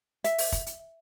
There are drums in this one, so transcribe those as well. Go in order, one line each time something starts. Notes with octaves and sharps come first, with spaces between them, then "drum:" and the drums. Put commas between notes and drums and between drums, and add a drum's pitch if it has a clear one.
E5, drum: hi-hat
drum: open hi-hat
drum: kick, hi-hat
drum: hi-hat